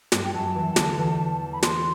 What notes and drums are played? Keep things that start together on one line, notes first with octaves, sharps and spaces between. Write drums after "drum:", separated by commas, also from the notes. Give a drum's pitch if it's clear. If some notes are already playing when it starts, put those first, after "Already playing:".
G2 G3, drum: snare
G5
F#2 F#3 A5
E2 E3
D2 D3, drum: snare
E2 E3
B5
C6, drum: snare